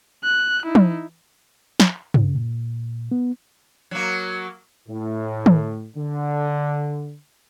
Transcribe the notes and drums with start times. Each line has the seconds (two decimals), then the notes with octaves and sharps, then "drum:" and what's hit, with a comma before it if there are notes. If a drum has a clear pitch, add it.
0.24 F#6
0.66 D#4 E4
0.75 drum: tom
1.80 drum: snare
2.14 C#3, drum: tom
2.35 A#2
3.11 B3
3.91 F#3 A#3
4.89 A2
5.46 drum: tom
5.97 D3